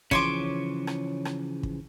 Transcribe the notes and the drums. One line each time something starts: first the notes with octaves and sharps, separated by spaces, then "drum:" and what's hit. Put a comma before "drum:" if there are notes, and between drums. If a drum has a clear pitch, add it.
C#3 E3 F3 C#5 C6 D6, drum: kick
drum: rim click
drum: rim click
drum: kick